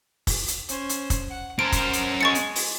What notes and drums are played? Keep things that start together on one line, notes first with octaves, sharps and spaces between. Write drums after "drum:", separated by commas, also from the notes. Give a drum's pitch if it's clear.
drum: kick, open hi-hat
drum: hi-hat
C#4 C5, drum: hi-hat
drum: hi-hat
drum: kick, hi-hat
F#5
C#4 A#4 C5 A5 D7
drum: kick, hi-hat
drum: hi-hat
G#3 C#6 A6 C#7
drum: hi-hat
drum: open hi-hat